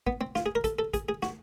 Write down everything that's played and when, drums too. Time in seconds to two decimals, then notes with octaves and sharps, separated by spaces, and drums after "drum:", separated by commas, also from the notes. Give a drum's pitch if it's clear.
0.07 B3, drum: kick
0.21 C4
0.35 F4, drum: snare
0.46 G#4
0.55 A#4
0.64 A4, drum: kick, hi-hat
0.79 A4
0.94 G#4, drum: kick, hi-hat
1.09 G#4
1.23 F#4, drum: snare